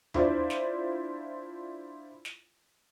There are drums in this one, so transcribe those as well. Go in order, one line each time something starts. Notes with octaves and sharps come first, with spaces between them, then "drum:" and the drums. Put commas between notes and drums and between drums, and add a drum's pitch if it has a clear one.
D4 E4 F4 C5 D5, drum: tom E2
drum: snare
drum: snare